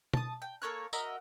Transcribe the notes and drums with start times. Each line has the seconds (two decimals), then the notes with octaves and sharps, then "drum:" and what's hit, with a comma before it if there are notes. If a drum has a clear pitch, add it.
0.13 A5 D#6, drum: tom
0.42 G5
0.62 A#3 A4 C#5 F#6
0.93 F#4 A#4 D#5 E5, drum: tambourine